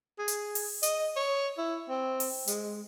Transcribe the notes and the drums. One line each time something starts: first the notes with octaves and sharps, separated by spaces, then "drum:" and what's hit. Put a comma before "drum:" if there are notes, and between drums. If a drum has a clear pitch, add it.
G#4
drum: hi-hat
drum: open hi-hat
D#5, drum: hi-hat
C#5
E4
C4
drum: open hi-hat
G#3, drum: hi-hat